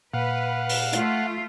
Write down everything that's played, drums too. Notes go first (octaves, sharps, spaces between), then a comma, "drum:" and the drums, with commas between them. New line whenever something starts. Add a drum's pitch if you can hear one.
A#2 B4 F5 F#5
drum: open hi-hat
A3 F4, drum: hi-hat